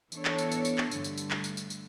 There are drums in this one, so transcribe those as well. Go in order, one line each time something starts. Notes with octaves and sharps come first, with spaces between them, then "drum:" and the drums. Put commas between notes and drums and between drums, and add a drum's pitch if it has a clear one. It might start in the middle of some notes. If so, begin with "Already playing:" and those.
E3 B3 D4 A4 C#5, drum: tambourine
drum: clap
drum: tambourine
drum: tambourine
drum: tambourine
drum: clap
G2 D3 A3, drum: tambourine
drum: tambourine
drum: tambourine
drum: clap
drum: tambourine
drum: tambourine
drum: tambourine